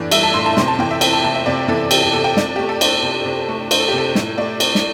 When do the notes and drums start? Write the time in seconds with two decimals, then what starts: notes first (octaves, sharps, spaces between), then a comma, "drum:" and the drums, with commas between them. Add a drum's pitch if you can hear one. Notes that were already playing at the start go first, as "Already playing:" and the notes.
Already playing: A2 E3 D4
0.12 G3 E5, drum: cymbal
0.23 A5
0.34 A2 C6
0.46 A5
0.57 C3 C6, drum: snare
0.68 A5
0.79 E3 G5
0.91 E5
1.01 C4 G5, drum: cymbal
1.13 A5
1.24 C3 A5
1.35 E5
1.46 C3 D5
1.68 E3 A4
1.91 C4 G4, drum: cymbal
2.03 G4
2.13 C3 A4
2.24 G5
2.37 C3 D5, drum: snare
2.56 A3 G4
2.69 A4
2.81 D4 C5, drum: cymbal
3.03 C3
3.25 C3
3.49 A3
3.71 D4 C5, drum: cymbal
3.80 A4
3.88 G4
3.93 C3 A4
4.15 A2, drum: snare
4.37 A3 D5
4.60 C4, drum: cymbal
4.75 drum: snare